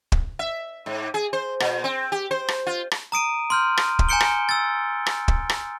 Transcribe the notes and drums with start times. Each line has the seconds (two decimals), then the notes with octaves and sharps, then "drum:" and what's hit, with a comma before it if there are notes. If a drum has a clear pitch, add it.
0.12 drum: kick
0.39 E5
0.86 G#2
1.14 G#4
1.33 C5
1.60 A#2, drum: rim click
1.84 C4
2.12 G4
2.31 C5
2.48 drum: rim click
2.67 F4
2.91 drum: rim click
3.12 A#5 D#6 D7 D#7
3.50 C6 F6 G6
3.77 drum: rim click
3.99 drum: kick
4.09 G#5 A#5 G6 C#7 D7 G7
4.20 drum: rim click
4.49 E6 A6
5.06 drum: rim click
5.28 drum: kick
5.49 drum: rim click